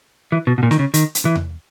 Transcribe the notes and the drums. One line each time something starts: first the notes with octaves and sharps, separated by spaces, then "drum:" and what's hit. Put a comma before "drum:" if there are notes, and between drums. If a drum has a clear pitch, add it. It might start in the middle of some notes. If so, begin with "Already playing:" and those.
E3
B2
B2
A#2
D#3, drum: snare
C#3
D#3, drum: hi-hat
drum: hi-hat
E3
drum: tom E2